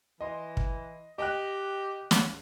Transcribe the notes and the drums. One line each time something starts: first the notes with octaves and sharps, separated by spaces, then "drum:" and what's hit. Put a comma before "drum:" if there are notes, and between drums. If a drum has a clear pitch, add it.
E3 D#5 C6
drum: kick
G4 D#5 G5 F#6
drum: snare